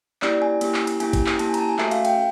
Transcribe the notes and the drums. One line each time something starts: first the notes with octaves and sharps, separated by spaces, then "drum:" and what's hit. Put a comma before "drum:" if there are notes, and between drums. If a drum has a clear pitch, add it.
A#3 C#4 E4 G4 D5, drum: clap
G#5
A#3 C#4 E4 G4, drum: cymbal
drum: clap
drum: cymbal
A#3 C#4 E4 G4 G#5, drum: cymbal
drum: kick A1, cymbal
drum: clap
A#3 C#4 E4 G4 A5, drum: cymbal
G#5
A#5, drum: cymbal
A5
G#5
A3 C#4 F#4 A4 E5, drum: clap
F5, drum: cymbal
G5, drum: cymbal